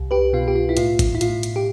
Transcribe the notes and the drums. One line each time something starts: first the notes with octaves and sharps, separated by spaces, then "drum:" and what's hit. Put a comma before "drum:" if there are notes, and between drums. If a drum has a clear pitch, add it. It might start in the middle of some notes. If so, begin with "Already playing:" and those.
Already playing: C2
G4 B4
B2 F4
G4
F4
E4
A2 F4, drum: hi-hat
drum: kick, hi-hat
E4
A2 F4, drum: hi-hat
drum: hi-hat
G4